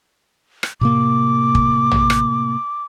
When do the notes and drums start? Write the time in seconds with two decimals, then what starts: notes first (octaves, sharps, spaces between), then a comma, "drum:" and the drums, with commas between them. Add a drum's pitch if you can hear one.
0.63 drum: rim click
0.81 A2 C3 A#3 D6
1.55 drum: kick
1.91 drum: tom
2.10 drum: rim click